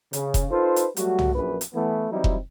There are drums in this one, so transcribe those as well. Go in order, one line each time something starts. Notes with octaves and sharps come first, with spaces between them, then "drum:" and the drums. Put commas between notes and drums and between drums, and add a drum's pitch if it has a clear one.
C#3, drum: hi-hat
drum: kick F1, hi-hat
D#4 F4 A4 B4 C5
drum: hi-hat
F#3 G3 A3 F#4, drum: hi-hat
drum: tom
A#1 F#2 B4
drum: hi-hat
E3 A3 B3
E3 F#3 G3 C4 D#4 E4
drum: kick F1